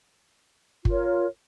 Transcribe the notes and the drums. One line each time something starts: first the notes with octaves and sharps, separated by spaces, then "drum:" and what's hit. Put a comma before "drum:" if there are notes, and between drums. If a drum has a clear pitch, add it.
F4 A#4 C#5, drum: kick G1